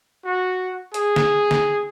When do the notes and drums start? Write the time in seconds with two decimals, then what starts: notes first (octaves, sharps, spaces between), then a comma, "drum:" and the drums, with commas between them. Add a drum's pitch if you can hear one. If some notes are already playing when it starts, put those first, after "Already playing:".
0.25 F#4
0.94 G#4, drum: hi-hat
1.16 drum: snare
1.51 drum: snare